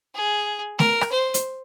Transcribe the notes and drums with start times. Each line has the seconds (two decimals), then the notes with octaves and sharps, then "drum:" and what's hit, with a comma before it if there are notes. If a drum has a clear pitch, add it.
0.15 G#4
0.79 A#4, drum: snare
1.01 drum: rim click
1.12 C5
1.34 drum: hi-hat